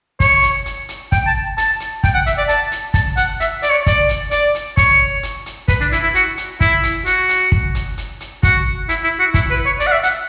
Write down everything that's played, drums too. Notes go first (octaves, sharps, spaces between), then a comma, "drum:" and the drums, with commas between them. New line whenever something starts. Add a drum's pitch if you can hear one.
C#5, drum: kick, hi-hat
drum: hi-hat
drum: hi-hat
drum: hi-hat
G5, drum: kick, hi-hat
A5
A5, drum: hi-hat
drum: hi-hat
G5, drum: kick, hi-hat
F#5
E5, drum: hi-hat
D5
A5, drum: hi-hat
drum: hi-hat
A5, drum: kick, hi-hat
F#5, drum: hi-hat
E5, drum: hi-hat
D5, drum: hi-hat
C#5
D5, drum: kick, hi-hat
drum: hi-hat
D5, drum: hi-hat
drum: hi-hat
C#5, drum: kick, hi-hat
drum: hi-hat
drum: hi-hat
B4, drum: kick, hi-hat
D4
E4, drum: hi-hat
E4
F#4, drum: hi-hat
drum: hi-hat
E4, drum: kick, hi-hat
drum: hi-hat
F#4, drum: hi-hat
drum: hi-hat
drum: kick
drum: hi-hat
drum: hi-hat
drum: hi-hat
F#4, drum: kick, hi-hat
E4, drum: hi-hat
E4
F#4
E4, drum: kick, hi-hat
B4
C#5
D5, drum: hi-hat
F#5
E5
F#5, drum: hi-hat